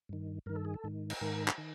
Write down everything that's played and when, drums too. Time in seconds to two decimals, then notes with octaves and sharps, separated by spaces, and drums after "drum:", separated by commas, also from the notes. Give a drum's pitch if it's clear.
0.09 G2 D#3
0.46 G2 D#3 A#4
0.56 A4
0.65 G#4
0.74 A4
0.84 G#2 D#3
1.10 drum: cymbal
1.21 G#2 D#3 A#4
1.48 drum: clap
1.58 D#3